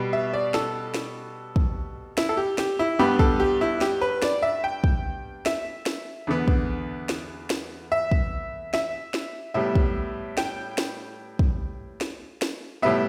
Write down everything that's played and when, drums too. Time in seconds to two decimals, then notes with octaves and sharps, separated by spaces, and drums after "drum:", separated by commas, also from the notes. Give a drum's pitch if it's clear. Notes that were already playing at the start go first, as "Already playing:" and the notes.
Already playing: B2 G3 B3
0.13 E5
0.33 D5
0.54 A4, drum: snare
0.94 drum: snare
1.56 drum: kick
2.18 E4, drum: snare
2.29 A4
2.37 G4
2.58 G4, drum: snare
2.79 E4
2.99 G2 G3 B3 G4
3.19 A4, drum: kick
3.40 G4
3.61 E4
3.81 G4, drum: snare
4.01 B4
4.22 D5, drum: snare
4.42 E5
4.64 G5
4.84 drum: kick
5.46 E5, drum: snare
5.86 drum: snare
6.27 E2 D3 B3
6.48 drum: kick
7.09 drum: snare
7.50 drum: snare
7.92 E5
8.12 drum: kick
8.74 E5, drum: snare
9.14 drum: snare
9.54 A2 G3 B3 E5
9.75 drum: kick
10.37 G5, drum: snare
10.78 drum: snare
11.39 drum: kick
12.01 drum: snare
12.42 drum: snare
12.82 A2 G3 B3 E5